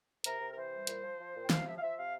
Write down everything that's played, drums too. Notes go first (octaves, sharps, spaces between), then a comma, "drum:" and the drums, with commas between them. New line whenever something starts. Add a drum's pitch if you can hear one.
C3 A#4, drum: hi-hat
C3
A#4
E3 C5
G3
A#2, drum: hi-hat
F3
F3
A#2
G5
C3 F5, drum: snare
F3 E5
F5
F3 E5
C3 F5